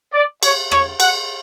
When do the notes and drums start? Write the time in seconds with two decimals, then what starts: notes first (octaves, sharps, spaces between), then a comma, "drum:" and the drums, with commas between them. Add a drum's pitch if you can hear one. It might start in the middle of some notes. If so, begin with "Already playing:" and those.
0.13 D5
0.43 C#5, drum: cymbal
0.71 C#5, drum: rim click
1.00 F#5, drum: cymbal